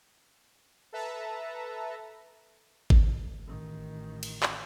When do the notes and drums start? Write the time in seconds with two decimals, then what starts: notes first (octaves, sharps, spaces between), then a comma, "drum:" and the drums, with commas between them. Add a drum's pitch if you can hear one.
0.93 A4 B4 E5 A5 A#5
2.90 drum: kick G#1
3.46 A1 D#3
4.23 drum: cymbal
4.43 drum: clap